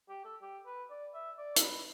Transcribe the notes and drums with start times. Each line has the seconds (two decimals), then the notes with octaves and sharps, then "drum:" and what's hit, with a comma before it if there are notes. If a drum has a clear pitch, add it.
0.09 G4
0.25 A4
0.42 G4
0.66 B4
0.90 D5
1.14 E5
1.38 D5
1.56 A4, drum: hi-hat
1.62 B4